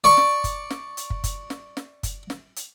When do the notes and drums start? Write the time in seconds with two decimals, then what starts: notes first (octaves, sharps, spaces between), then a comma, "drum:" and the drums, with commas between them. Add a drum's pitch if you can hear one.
0.04 D5 C#6
0.17 drum: snare
0.44 drum: kick, hi-hat
0.70 drum: snare
0.97 drum: hi-hat
1.10 drum: kick
1.24 drum: kick, hi-hat
1.50 drum: snare
1.77 drum: snare
2.03 drum: kick, hi-hat
2.30 drum: snare
2.56 drum: hi-hat